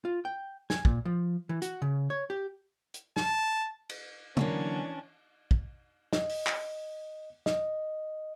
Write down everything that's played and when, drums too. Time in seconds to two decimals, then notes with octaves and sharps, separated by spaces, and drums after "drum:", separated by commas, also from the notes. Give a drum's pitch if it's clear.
0.05 F4
0.25 G5
0.70 G#5, drum: snare
0.85 A#2, drum: kick
1.05 F3
1.49 E3
1.62 F#4, drum: hi-hat
1.82 C#3
2.10 C#5
2.30 G4
2.94 drum: hi-hat
3.16 A5, drum: snare
3.89 drum: cymbal
4.37 D3 E3 F#3 A#3 C#4 D4, drum: tom
5.51 drum: kick
6.13 D#5, drum: snare
6.29 drum: open hi-hat
6.46 drum: clap
7.46 D#5, drum: snare